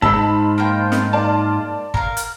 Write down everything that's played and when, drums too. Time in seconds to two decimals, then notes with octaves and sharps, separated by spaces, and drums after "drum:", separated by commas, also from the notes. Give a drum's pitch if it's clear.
0.02 D#2 G#2 D#4 F4 A5 B5 E6, drum: kick G1
0.58 A#3 C5 G5
0.92 drum: snare
1.13 D5 A5
1.94 A#4 F5, drum: kick G1
2.17 drum: hi-hat